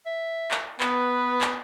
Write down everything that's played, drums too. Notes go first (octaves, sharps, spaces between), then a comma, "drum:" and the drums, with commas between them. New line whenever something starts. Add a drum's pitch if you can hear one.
E5
drum: clap
B3 B4, drum: clap
drum: clap